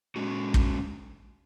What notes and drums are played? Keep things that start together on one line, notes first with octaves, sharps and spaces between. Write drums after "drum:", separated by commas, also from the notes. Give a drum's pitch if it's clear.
G#3 C#4 F#4
drum: kick